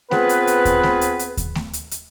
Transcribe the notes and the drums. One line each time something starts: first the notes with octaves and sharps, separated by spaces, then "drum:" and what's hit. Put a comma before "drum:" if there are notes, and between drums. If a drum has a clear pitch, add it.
B3 C4 F4 G#4 B4, drum: snare A3
drum: hi-hat
drum: hi-hat
drum: kick D#2, hi-hat
drum: snare A3
drum: hi-hat
drum: hi-hat
drum: kick D#2, hi-hat
drum: snare A3
drum: hi-hat
drum: hi-hat